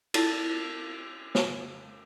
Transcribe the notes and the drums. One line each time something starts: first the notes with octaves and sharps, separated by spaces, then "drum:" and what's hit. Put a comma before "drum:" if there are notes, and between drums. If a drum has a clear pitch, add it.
E4 F4 A4 D5 F5 A5, drum: cymbal
drum: snare